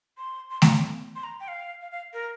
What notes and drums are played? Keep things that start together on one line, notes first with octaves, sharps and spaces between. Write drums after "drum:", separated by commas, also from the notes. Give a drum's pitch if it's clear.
C6
C6
A#5, drum: snare A3
C6
A#5
G5
F5
F5
F5
A#4